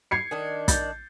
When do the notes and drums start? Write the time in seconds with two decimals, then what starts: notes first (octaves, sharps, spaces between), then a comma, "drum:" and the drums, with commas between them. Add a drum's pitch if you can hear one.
0.11 G#6 C7 C#7
0.31 D#3 D4
0.68 G6 A6, drum: kick, hi-hat